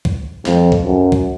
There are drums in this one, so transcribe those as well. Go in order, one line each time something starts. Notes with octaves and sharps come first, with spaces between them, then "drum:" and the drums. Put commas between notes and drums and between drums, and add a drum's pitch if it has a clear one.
drum: kick
F2, drum: snare
drum: kick
F#2
drum: kick